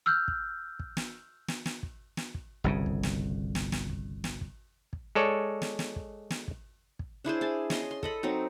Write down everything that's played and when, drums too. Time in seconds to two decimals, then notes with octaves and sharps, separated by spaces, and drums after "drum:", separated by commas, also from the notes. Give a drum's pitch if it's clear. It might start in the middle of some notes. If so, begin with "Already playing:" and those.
0.06 E6 F6 G6
0.28 drum: kick
0.79 drum: kick
0.97 drum: snare
1.48 drum: snare
1.66 drum: snare
1.83 drum: kick
2.17 drum: snare
2.34 drum: kick
2.64 G1 C2 C#3
2.86 drum: kick
3.03 drum: snare
3.55 drum: snare
3.72 drum: snare
3.89 drum: kick
4.24 drum: snare
4.41 drum: kick
4.93 drum: kick
5.15 G#3 A4 C#5 D5
5.62 drum: snare
5.79 drum: snare
5.96 drum: kick
6.30 drum: snare
6.48 drum: kick
6.99 drum: kick
7.24 D4 E4 G#4 C5
7.41 G#4 A5
7.70 C#4 D#5 C6, drum: snare
7.91 C6
8.03 A4 D#5 B5, drum: kick
8.23 F#3 C4 D#4